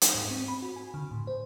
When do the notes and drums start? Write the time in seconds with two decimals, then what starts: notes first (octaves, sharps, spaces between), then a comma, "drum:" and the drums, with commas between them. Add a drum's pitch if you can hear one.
0.01 drum: hi-hat
0.15 G#2
0.31 C4
0.48 B5
0.62 F#4
0.76 G#5
0.94 D3
1.11 A2
1.27 C5